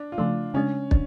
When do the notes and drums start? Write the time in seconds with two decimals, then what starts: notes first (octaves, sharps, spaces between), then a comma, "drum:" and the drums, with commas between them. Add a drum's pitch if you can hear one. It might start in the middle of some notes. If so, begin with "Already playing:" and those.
Already playing: D4
0.12 F4
0.18 C#3 F3 A3 D4
0.54 C#3 G#3 C#4 D4
0.91 D4, drum: kick